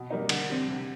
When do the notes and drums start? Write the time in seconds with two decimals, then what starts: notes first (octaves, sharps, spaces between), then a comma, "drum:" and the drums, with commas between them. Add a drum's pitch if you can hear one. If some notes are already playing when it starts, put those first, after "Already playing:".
Already playing: B2
0.10 G3 A#3 D#4
0.29 D3, drum: cymbal
0.49 G3 C4
0.68 C3